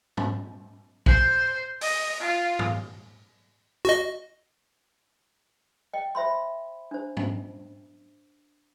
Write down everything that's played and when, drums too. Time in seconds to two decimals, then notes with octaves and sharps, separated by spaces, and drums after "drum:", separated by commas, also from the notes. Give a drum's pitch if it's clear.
0.17 drum: tom G#2
1.06 C5, drum: kick
1.81 D#5, drum: open hi-hat
2.20 F4
2.59 drum: tom G#2
3.85 F#4 D#5
5.93 D#5 G5
6.15 C5 E5 B5 C6
6.91 D4 C5
7.17 drum: tom G#2